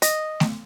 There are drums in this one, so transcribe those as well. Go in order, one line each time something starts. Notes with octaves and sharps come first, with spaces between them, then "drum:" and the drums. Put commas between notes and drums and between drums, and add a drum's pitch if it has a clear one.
D#5, drum: hi-hat
drum: snare A3